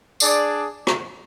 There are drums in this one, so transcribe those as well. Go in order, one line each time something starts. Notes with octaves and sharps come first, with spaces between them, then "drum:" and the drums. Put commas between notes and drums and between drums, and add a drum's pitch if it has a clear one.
D4 G#4 D5, drum: tambourine
drum: rim click